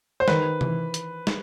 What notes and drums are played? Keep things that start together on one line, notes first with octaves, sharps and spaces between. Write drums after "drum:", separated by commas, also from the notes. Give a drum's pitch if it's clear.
C5
D#3 B4, drum: snare
E3, drum: tom C3
drum: hi-hat
drum: snare